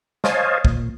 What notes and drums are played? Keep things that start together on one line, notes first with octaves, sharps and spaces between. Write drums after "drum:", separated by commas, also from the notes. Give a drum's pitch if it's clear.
C5 C#5 D#5 F5 G#5 A5, drum: snare
A#2, drum: kick